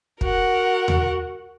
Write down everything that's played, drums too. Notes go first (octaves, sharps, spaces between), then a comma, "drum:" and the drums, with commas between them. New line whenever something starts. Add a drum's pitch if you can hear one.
F#4 A#4 F#5, drum: kick
drum: tom D#2